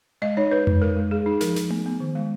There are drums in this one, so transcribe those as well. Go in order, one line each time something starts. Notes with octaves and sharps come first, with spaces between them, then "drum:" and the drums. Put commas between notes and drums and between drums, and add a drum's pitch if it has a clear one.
G#3 D#5
D#4 C#5
D#4 B4
G#3, drum: tom F2
G#3 A#4
G#3
G#3 G#4
D#4
F3 A#4, drum: snare
F3, drum: snare
B3, drum: tom A3
B3
D#3
G#3